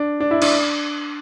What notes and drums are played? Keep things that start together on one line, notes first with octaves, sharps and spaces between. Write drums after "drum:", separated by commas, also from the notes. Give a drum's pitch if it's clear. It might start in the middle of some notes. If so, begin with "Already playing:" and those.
Already playing: D4
D4
E4
D4, drum: cymbal